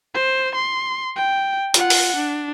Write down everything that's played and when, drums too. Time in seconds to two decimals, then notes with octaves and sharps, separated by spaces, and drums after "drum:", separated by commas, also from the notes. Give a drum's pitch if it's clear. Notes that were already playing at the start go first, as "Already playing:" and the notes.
0.14 C5
0.55 C6
1.16 G5
1.74 F4 F#5, drum: hi-hat
1.90 drum: open hi-hat
2.16 D4